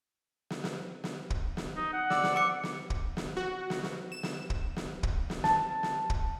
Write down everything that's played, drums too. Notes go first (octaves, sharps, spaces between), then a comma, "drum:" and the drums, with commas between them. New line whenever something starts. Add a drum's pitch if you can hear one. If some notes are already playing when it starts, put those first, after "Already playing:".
drum: snare
drum: snare
drum: snare
drum: kick
drum: snare
D#4
F#5
D5 E6, drum: snare
drum: snare
F#5 D6 C#7
drum: snare
drum: kick
drum: snare
F#4
drum: snare
drum: snare
E7
drum: snare
drum: kick
drum: snare
drum: kick
drum: snare
A5, drum: snare
drum: snare
drum: kick